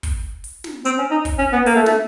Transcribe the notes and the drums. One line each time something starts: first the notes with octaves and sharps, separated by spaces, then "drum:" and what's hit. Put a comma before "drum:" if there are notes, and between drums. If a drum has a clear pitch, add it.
drum: kick, open hi-hat
drum: open hi-hat
drum: snare
C4, drum: hi-hat
C#4
D#4
drum: kick, open hi-hat
C#4
B3
A#3, drum: open hi-hat
A3
A3, drum: snare